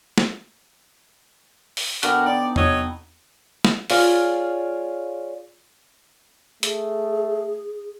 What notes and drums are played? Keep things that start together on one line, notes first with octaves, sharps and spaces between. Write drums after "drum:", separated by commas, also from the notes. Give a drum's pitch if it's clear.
drum: snare
drum: open hi-hat
D3 B3 D4 F#4 A#4 G5, drum: hi-hat
D#4 D5
F#3 C#5 D#5, drum: tom E2
drum: snare
F4 G#4 C#5 D5 F5, drum: open hi-hat
A3 G#4, drum: hi-hat